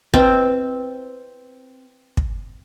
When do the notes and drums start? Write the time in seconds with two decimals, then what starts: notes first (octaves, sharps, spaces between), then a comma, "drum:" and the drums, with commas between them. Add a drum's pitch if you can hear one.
0.14 C4 E4 B4 D#5, drum: kick
2.17 drum: kick